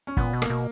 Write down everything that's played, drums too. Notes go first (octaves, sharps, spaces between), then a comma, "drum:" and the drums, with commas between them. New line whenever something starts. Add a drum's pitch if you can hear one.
C#4
A#2 B3, drum: kick F#1
B2
A#3, drum: rim click
B2